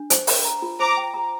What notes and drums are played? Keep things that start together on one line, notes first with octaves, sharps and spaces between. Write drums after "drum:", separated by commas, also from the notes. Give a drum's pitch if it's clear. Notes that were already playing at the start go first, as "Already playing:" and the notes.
Already playing: D4
C5, drum: hi-hat
G5, drum: open hi-hat
A#5
F4
C5 A#5 D6
G5
A#5